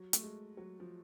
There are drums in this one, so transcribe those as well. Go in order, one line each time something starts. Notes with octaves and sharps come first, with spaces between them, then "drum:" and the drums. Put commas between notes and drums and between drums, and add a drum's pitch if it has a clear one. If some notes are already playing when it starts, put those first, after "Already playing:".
Already playing: F#3
A3, drum: hi-hat
G#3
F#3
F3